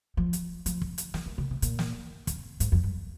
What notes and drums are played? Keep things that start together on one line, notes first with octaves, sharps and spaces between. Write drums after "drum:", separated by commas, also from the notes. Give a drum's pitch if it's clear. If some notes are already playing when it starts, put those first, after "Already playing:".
F3
drum: hi-hat
F3, drum: hi-hat
drum: kick
drum: hi-hat
F3, drum: snare
E3
C#3
C3
A#2, drum: hi-hat
drum: snare
drum: kick, hi-hat
G#2, drum: hi-hat
F2
G2